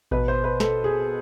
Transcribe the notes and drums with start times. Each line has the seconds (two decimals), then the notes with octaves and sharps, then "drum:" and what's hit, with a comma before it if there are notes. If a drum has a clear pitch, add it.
0.11 B2 B4, drum: kick A1
0.28 C5
0.44 B4
0.60 A4, drum: snare
0.84 G#4